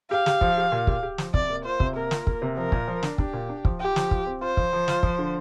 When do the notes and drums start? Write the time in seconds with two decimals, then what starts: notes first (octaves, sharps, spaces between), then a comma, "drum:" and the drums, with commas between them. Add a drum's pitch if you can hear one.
0.10 G4 F5
0.26 G4, drum: snare
0.41 F3, drum: kick
0.57 G4
0.72 A#2
0.87 G4, drum: kick
1.03 G4
1.18 F3, drum: snare
1.34 C3 D5, drum: kick
1.50 A#3
1.65 F4 C5
1.80 C3, drum: kick
1.96 A#3 A#4
2.11 F4, drum: snare
2.27 A#3, drum: kick
2.42 C3
2.57 F3 A#4
2.72 A#2, drum: kick
2.88 F3
3.03 D4, drum: snare
3.18 D4 G4, drum: kick
3.33 A#2
3.49 D4
3.65 F3, drum: kick
3.80 F4 G4
3.96 F3, drum: snare
4.11 F4, drum: kick
4.26 C4
4.41 F4 C5
4.57 F3, drum: kick
4.73 F3
4.88 F4, drum: snare
5.03 F3, drum: kick
5.19 D3